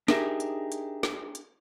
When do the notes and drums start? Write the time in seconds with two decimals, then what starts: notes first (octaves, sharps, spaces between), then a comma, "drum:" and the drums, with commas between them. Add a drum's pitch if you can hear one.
0.08 D4 D#4 G4 G#4 A#4 E5, drum: snare
0.40 drum: hi-hat
0.72 drum: hi-hat
1.03 drum: snare
1.35 drum: hi-hat